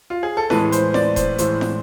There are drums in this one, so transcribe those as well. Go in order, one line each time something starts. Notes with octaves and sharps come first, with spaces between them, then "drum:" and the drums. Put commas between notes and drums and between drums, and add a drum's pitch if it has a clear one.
F4
G#4
A4
A2 E3 G#3 B4, drum: snare
C5, drum: hi-hat
D5, drum: snare
C5, drum: kick D#1, hi-hat
A2 E3 G#3 C5, drum: hi-hat
drum: snare